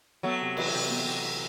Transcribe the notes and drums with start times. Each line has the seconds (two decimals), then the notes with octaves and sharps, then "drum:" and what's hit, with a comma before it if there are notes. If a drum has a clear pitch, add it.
0.23 F#3 A3 B3
0.41 C3
0.57 E3, drum: cymbal
0.74 C3
0.91 B3
1.07 C3
1.24 E4